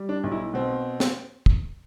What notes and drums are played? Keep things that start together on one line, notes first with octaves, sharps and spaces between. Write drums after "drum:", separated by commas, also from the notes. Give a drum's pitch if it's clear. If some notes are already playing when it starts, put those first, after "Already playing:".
Already playing: G3
D4
B1
E4
B2 C4
drum: snare
drum: kick